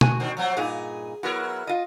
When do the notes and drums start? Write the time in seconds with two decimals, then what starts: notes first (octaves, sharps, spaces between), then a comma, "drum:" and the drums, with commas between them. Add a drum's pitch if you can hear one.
0.01 F#4 G#5, drum: tom
0.20 D3 D#3 C4
0.37 F3 F#3 C4
0.57 G2 A#2 D#4 G#4
1.23 F#3 B3 E4 F#4 A#4
1.67 F4 D#5